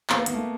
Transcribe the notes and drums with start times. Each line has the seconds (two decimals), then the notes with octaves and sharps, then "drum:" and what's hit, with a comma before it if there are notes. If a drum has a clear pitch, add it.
0.10 A#3, drum: clap
0.18 B3
0.26 A#3, drum: hi-hat
0.34 A3